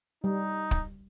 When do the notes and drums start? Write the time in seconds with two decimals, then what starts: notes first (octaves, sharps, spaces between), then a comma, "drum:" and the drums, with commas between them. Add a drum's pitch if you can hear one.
0.24 G3 D#4
0.71 drum: kick